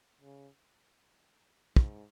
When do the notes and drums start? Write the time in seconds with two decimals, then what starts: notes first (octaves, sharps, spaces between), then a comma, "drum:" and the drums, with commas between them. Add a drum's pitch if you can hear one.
0.21 C#3
1.76 G#2, drum: kick